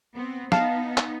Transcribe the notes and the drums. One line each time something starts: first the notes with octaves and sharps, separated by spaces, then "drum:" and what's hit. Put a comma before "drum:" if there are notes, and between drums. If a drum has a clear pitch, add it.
B3 C4
B3 D#4 F5 A5, drum: snare
drum: clap